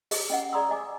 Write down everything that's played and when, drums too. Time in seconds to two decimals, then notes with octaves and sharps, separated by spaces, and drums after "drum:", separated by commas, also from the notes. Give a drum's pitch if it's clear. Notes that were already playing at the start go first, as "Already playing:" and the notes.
0.11 G4 G#4 D#5, drum: open hi-hat
0.30 C#4 D#5 F#5
0.53 G#4 D5 A#5 C6 D#6 E6
0.71 D#5 G#5 D6 D#6